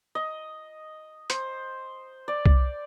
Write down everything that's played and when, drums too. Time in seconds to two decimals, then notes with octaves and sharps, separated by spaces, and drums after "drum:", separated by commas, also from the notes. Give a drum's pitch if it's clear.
0.15 D#5
1.30 C5, drum: hi-hat
2.28 D5
2.46 drum: kick C2